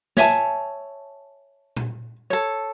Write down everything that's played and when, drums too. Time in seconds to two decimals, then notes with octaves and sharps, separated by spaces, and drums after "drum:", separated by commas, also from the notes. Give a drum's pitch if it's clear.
0.17 C#5 E5 G#5 A5, drum: snare
1.76 drum: tom
2.30 A4 C#5